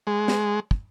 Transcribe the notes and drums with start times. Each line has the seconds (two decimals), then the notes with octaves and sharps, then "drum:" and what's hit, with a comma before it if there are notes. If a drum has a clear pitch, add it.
0.07 G#3
0.28 drum: snare
0.71 drum: kick